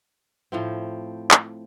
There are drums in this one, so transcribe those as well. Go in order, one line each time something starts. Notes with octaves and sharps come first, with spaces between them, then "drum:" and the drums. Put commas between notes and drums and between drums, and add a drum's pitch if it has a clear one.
A2 F3 C4
drum: clap